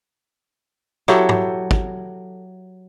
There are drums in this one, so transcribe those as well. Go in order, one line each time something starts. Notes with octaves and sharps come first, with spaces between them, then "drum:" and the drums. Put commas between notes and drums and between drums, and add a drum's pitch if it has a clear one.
F#3 E4 G4 A4, drum: rim click
drum: tom G#2
drum: kick